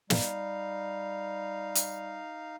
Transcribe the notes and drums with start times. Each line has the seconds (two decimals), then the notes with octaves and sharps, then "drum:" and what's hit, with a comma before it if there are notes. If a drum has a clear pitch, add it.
0.10 G3 D#4 F5, drum: snare
1.75 drum: hi-hat